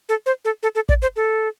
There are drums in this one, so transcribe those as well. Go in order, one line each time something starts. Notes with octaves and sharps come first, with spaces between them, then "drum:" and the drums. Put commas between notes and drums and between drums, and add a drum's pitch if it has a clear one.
A4
C5
A4
A4
A4
D5, drum: kick
C5
A4